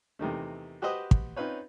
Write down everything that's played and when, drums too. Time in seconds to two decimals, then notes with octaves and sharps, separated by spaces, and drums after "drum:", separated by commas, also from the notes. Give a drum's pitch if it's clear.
0.19 E2 C3 D#3 A3
0.82 F#4 G4 B4 C5 D#5
1.11 drum: kick
1.36 C4 C#4 D#4 F4 B4 C#5